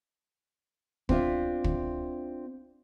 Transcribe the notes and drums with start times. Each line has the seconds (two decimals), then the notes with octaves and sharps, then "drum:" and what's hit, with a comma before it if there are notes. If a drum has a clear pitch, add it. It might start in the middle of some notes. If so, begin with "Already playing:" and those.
1.09 C4 D4 F4 E5, drum: kick
1.64 drum: kick